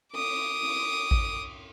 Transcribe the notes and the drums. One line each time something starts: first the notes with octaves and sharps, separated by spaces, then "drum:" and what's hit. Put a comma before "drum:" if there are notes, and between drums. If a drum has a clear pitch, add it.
D6 D#6, drum: cymbal
drum: cymbal
drum: kick A1